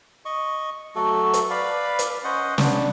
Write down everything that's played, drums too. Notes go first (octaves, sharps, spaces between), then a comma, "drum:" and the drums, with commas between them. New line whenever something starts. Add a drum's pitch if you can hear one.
D#5 C#6
F#3 A3 F#4 A4
drum: hi-hat
B4 D5 F5 B5
drum: hi-hat
C#4 C5 D#5 F#5
B3 D4, drum: snare